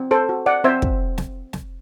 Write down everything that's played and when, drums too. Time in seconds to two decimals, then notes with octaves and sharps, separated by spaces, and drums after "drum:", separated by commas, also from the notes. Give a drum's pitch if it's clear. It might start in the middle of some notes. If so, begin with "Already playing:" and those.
Already playing: C4
0.11 A4 C5
0.29 F#4
0.46 D5 F#5
0.64 C4 C5 E5
0.82 drum: kick
1.18 drum: snare
1.53 drum: snare